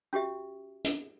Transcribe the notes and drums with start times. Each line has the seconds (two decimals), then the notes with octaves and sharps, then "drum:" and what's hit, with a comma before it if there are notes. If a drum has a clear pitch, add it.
0.13 C#4 F#4 G4 E5
0.84 drum: hi-hat